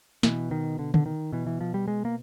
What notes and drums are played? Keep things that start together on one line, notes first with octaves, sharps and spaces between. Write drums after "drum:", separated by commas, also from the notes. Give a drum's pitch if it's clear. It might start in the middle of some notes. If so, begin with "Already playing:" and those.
B2 E3, drum: snare
D#3
D3
D3, drum: tom D3
D#3
B2 E3
E3
F3
G3
G#3
A#3